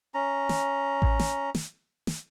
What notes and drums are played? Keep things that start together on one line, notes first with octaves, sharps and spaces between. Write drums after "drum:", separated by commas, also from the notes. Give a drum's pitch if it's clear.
C#4 A#5
drum: snare
drum: kick A1
drum: snare
drum: snare
drum: snare